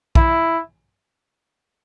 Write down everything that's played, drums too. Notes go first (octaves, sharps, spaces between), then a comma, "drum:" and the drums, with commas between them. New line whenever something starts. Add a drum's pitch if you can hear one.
E4, drum: kick